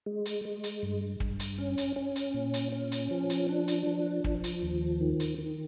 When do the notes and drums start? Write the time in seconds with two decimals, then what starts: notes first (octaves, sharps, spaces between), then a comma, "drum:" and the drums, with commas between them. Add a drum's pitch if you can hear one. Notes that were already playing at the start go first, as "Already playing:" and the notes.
0.06 G#3
0.25 drum: hi-hat
0.45 G#3
0.63 drum: hi-hat
0.83 G2
1.20 G2, drum: kick
1.40 drum: hi-hat
1.58 C#4
1.78 drum: hi-hat
1.96 C#4
2.16 drum: hi-hat
2.34 A#2
2.54 drum: hi-hat
2.72 C#4
2.92 drum: hi-hat
3.11 F3
3.30 drum: hi-hat
3.49 D4
3.68 drum: hi-hat
3.87 F3
4.24 F3, drum: kick
4.44 drum: hi-hat
4.63 D#2
5.01 D#3
5.20 drum: hi-hat
5.38 D#3